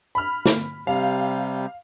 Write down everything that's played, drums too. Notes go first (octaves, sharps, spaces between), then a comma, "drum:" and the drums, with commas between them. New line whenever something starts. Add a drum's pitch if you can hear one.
B5 F6
drum: snare
C3 G3 F5